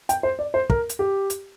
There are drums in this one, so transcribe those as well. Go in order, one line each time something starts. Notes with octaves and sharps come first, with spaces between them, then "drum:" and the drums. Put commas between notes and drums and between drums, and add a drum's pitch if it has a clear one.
G5, drum: hi-hat
C5
D5
C5
A#4, drum: kick
drum: hi-hat
G4
drum: hi-hat